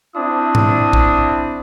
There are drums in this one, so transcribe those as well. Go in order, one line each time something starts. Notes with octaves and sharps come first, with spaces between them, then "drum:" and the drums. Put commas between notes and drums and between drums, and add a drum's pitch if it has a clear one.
C4 D4 E4 D#6
drum: tom G#2
drum: kick A#1